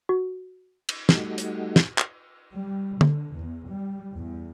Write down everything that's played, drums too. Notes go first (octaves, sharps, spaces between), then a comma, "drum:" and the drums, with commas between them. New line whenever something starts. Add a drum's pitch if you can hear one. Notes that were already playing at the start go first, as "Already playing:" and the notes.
F#4
drum: cymbal
G3 A3 D#4 F#4, drum: snare
drum: hi-hat
drum: snare
drum: clap
G3
D3, drum: tom
E2
G3
E2